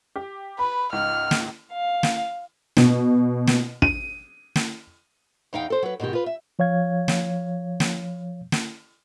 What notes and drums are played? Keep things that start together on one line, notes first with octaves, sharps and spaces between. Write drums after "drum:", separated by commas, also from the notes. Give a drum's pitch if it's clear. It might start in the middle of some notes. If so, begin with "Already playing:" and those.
G4
B4 B5
C#2 G#2 F6
drum: snare
F5
drum: snare
B2, drum: snare
drum: snare
D#7, drum: kick
drum: snare
E2 D#4 F5 G5
A4 C5
F#3 B4
G#2 B2 D#3 G4
F4 B4
E5
F3 C#5 F5 G#6
drum: snare
drum: snare
drum: snare